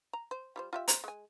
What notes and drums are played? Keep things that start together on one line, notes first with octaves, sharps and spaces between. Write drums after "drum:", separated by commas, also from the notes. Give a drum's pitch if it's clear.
A#5
C5
G3 F4 C5
F4 G4 E5
C5 A#5, drum: hi-hat
G#3 G#5